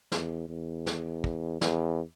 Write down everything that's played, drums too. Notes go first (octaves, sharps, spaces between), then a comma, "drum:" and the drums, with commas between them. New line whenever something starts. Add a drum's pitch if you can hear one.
E2, drum: snare
E2
drum: snare
drum: kick
E2, drum: snare